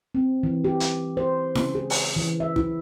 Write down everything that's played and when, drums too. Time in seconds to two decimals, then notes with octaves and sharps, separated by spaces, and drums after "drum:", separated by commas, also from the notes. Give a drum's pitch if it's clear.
0.15 C4
0.43 E3
0.64 G4
0.80 drum: hi-hat
1.17 C5
1.55 C#3, drum: snare E4
1.75 G#4
1.90 drum: open hi-hat
2.16 E3
2.40 E5
2.56 E4, drum: kick